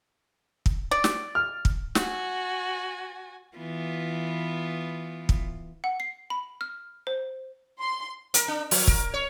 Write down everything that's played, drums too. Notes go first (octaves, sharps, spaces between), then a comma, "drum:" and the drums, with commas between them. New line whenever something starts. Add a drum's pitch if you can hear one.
drum: kick
D5
drum: snare
F6
drum: kick
F#4 G#5, drum: snare
E3 B3 F4
drum: kick
F#5
C7
B5
F6
C5
C6
A#4, drum: hi-hat
D4
F3, drum: open hi-hat
A#4, drum: kick
C#5